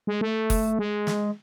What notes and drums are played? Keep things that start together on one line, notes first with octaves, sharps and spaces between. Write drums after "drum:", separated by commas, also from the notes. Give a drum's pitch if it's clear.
G#3
A3
drum: kick F#1, open hi-hat
G#3
drum: snare